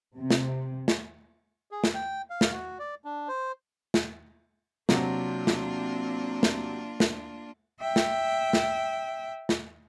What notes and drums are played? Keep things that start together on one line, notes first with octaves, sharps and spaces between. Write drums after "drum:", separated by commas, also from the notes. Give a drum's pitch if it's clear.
C3
drum: snare
drum: snare
G#4
drum: snare
G5
F5
drum: snare
F#4
D5
D4
C5
drum: snare
C3 F#3 A#3 D4 F4, drum: snare
drum: snare
drum: snare
drum: snare
E5 G5
drum: snare
drum: snare
drum: snare